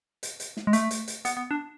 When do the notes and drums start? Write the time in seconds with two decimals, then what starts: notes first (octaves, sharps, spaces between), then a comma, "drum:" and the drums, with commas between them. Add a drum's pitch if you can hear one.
0.23 drum: hi-hat
0.40 drum: hi-hat
0.57 drum: snare
0.67 G#3
0.73 A3, drum: hi-hat
0.91 drum: hi-hat
1.08 drum: hi-hat
1.25 B3, drum: hi-hat
1.37 B3
1.51 D4